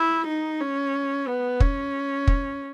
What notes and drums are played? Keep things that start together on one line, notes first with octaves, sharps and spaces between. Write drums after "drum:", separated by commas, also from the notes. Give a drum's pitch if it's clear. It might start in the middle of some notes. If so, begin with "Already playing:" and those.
Already playing: E4
D#4
C#4
B3
C#4, drum: kick
drum: kick